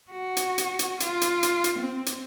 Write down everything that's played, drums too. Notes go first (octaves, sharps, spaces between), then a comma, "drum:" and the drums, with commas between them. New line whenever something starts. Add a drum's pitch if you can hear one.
F#4
drum: hi-hat
drum: hi-hat
drum: hi-hat
F4, drum: hi-hat
drum: hi-hat
drum: hi-hat
drum: hi-hat
C4
drum: hi-hat